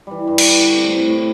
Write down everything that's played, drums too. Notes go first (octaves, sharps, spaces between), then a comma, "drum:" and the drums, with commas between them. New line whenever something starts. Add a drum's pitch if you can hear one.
E3 G3
G2 G3
G3, drum: cymbal
E3
D3
C3
A2
C3
A2